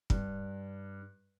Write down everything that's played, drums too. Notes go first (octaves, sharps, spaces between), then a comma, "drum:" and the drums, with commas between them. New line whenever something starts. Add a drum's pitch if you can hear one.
G2, drum: kick